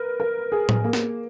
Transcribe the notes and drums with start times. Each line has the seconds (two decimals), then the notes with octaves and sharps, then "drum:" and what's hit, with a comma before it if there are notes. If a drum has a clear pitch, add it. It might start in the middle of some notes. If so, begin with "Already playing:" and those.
Already playing: A#4 B4
0.20 A#4
0.52 G#4
0.69 drum: tom A2
0.84 A#3
0.93 drum: snare